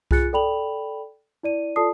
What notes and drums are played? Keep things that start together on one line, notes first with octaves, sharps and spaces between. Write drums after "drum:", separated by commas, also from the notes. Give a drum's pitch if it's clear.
F4 G#4 G#5 F#6 A6 C#7, drum: kick C2
A4 D5 G5 B5 F7 F#7
E4 D5 D#7
F4 A4 D5 A5 D#6 C7